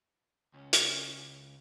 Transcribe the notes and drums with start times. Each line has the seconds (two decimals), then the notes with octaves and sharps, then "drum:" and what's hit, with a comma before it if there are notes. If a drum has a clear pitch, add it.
0.54 C#2 C#4
0.73 drum: hi-hat